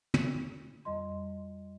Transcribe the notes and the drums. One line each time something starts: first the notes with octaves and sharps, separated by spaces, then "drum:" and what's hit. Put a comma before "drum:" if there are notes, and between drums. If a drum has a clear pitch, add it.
drum: tom
F2 G3 D#5 C6